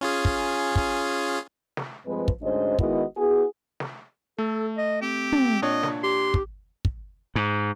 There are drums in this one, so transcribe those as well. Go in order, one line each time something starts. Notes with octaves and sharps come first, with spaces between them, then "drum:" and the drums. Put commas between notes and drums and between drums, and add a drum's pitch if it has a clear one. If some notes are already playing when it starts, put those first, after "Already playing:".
C#4 F4 G#4
drum: kick
drum: kick
drum: snare
G2 F3 G#3 C4 B4
drum: kick
D2 G#2 C#4 D4 C5 D#5
D#3 G#3 B3 E4 F#4 D#5, drum: kick
B3 E4 F#4 G#4
drum: snare
A3 A4
D#5
C4 G4
drum: tom
A#2 D4 C#5 D#5
drum: snare
G4 C6
drum: kick
drum: kick
G#2